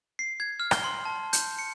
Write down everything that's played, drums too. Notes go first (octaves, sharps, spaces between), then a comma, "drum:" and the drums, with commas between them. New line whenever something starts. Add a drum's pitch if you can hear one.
C7
G#6
F6
G7, drum: rim click
C6
A5
G6, drum: hi-hat
C#7